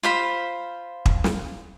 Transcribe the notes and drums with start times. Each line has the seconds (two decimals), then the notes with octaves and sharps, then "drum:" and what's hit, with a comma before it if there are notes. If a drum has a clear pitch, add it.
0.03 F4 C5 B5
1.06 drum: kick
1.24 drum: snare